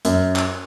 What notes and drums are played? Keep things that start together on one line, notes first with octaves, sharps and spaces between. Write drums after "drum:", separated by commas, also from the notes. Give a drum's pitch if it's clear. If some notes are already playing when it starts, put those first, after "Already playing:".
F#2, drum: hi-hat
drum: clap